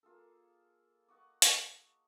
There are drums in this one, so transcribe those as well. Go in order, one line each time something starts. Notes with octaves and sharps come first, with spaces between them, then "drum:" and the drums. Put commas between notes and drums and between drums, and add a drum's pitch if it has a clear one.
A#3 F4 G#4 A4
D#5 F#5 C#6 D6
drum: hi-hat